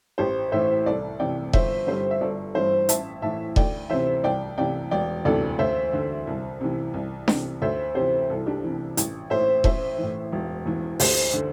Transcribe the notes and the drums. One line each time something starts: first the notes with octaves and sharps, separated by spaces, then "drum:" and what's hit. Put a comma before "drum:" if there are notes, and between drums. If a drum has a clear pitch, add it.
A1 G4 C5
A2 E3 C5 E5
C2 A4 D5
C3 E3 D5 G5
G1 C5 E5, drum: kick E1
G2 D3 G4 C5
E5
G1 A4 D5
G2 E3 C5 E5
A1 E5 A5, drum: hi-hat
A2 E3 E5 A5
D2 D5 G5, drum: kick E1
C3 E3 C5 E5
C2 D5 G5
C3 E3 D5 G5
E1 D5 G5
D2 C3 E3 A4 D5
D2 C5 E5
D3
C2
C3 E3
C2
C3 E3, drum: snare D4
D2 C5 E5
C3 E3 G4 C5
C2 E4 A4
D4 G4
C3 E3
A1, drum: hi-hat
A2 E3 C5 E5
A1 C5 E5, drum: kick E1
E3
A2
E1
E2 E3
D2 G4 C5, drum: open hi-hat
D3